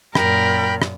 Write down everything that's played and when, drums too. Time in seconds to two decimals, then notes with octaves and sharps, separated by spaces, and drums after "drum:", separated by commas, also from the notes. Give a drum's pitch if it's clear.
0.15 F#2 A#2 A#4 G5 B5, drum: rim click
0.82 drum: rim click